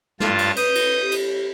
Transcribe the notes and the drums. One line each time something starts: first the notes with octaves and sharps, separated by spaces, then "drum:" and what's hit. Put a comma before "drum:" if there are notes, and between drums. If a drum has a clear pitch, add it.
G2 F4 A5, drum: snare
drum: cymbal
B4 D#6 G6, drum: cymbal
drum: cymbal
G4
drum: cymbal